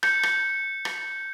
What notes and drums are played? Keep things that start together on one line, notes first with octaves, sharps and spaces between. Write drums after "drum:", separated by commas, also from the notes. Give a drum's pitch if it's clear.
G6 C#7, drum: rim click
drum: rim click
drum: rim click